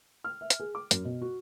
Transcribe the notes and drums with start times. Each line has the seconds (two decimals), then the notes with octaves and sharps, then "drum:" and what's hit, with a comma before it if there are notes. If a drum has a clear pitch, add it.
0.24 F6
0.41 E5
0.50 drum: hi-hat
0.60 G#4
0.75 D6
0.91 F#2, drum: hi-hat
1.05 B2
1.21 F#4